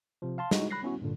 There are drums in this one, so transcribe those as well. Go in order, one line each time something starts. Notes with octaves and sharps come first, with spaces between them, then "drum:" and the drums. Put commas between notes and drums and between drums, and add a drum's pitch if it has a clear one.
C3 F3
F5 A5 C6
G#3 D#4 E4 F#4, drum: snare
B5 F#6 A#6 C7
B3 C#4 E4 F#4
G2 A#2 D3